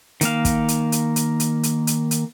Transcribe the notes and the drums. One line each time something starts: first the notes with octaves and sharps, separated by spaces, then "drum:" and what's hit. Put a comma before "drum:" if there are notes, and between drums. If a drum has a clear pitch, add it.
D#3 A#3 F5, drum: hi-hat
drum: kick, hi-hat
drum: hi-hat
drum: hi-hat
drum: hi-hat
drum: hi-hat
drum: hi-hat
drum: hi-hat
drum: hi-hat